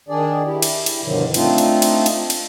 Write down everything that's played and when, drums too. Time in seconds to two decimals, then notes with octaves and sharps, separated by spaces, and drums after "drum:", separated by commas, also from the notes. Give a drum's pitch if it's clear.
0.09 D#3 D4 G#4 D5
0.45 E4 G4
0.62 drum: cymbal
0.86 drum: cymbal
1.03 G2 B2 D3 D#3 F3 F#3
1.34 A3 C4 D4 D#4 F4, drum: cymbal
1.58 drum: cymbal
1.82 drum: cymbal
2.06 drum: cymbal
2.30 drum: cymbal